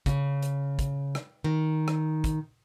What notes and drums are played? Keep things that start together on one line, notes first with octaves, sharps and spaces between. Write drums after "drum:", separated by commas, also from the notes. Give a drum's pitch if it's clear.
C#3, drum: kick, hi-hat
drum: hi-hat
drum: kick, hi-hat
drum: rim click
D#3
drum: rim click
drum: kick, hi-hat